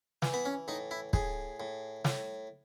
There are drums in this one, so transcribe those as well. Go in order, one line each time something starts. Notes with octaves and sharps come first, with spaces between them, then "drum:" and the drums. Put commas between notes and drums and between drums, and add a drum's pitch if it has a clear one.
E3, drum: snare
B3
C#4
A2 D#4
E4
A2 G#4, drum: kick
A2
A2, drum: snare